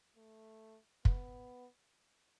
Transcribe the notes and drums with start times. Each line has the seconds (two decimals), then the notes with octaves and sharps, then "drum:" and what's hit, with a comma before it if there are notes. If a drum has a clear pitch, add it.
0.17 A3
1.05 B3, drum: kick